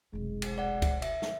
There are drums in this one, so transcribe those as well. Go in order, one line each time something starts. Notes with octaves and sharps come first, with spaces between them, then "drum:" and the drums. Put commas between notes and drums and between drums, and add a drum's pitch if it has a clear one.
F1 B1 G#3
drum: cymbal
D5 F#5
drum: kick C#2, cymbal
E5, drum: cymbal
drum: snare